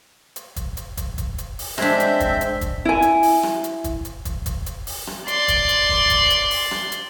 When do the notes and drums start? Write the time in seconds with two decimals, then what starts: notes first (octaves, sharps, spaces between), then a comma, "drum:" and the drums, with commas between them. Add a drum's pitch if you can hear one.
0.36 drum: hi-hat
0.56 drum: kick, hi-hat
0.77 drum: hi-hat
0.97 drum: kick, hi-hat
1.18 drum: kick, hi-hat
1.38 drum: hi-hat
1.59 drum: open hi-hat
1.78 G#3 C4 D4 E5 G6, drum: rim click
2.00 drum: hi-hat
2.20 drum: kick, hi-hat
2.41 drum: hi-hat
2.61 drum: kick, hi-hat
2.85 E4 G#5
3.02 drum: hi-hat
3.23 drum: open hi-hat
3.43 drum: rim click
3.64 drum: hi-hat
3.84 drum: kick, hi-hat
4.05 drum: hi-hat
4.25 drum: kick, hi-hat
4.46 drum: kick, hi-hat
4.66 drum: hi-hat
4.87 drum: open hi-hat
5.07 drum: rim click
5.28 D5 C6, drum: hi-hat
5.48 drum: kick, hi-hat
5.69 drum: hi-hat
5.89 drum: kick
6.10 drum: kick, hi-hat
6.30 drum: hi-hat
6.51 drum: open hi-hat
6.71 drum: rim click
6.92 drum: hi-hat